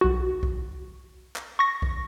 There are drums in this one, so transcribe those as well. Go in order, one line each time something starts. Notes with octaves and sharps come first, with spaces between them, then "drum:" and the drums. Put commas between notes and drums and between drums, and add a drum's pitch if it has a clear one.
B1 F#4
drum: kick B1
drum: clap
C#6 A#6
drum: kick B1